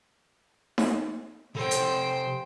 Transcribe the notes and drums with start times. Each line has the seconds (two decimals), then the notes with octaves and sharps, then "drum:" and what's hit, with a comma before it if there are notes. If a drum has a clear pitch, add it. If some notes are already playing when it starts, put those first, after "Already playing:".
0.78 drum: snare D#4
1.55 C3 A4 C5 G5
1.71 drum: hi-hat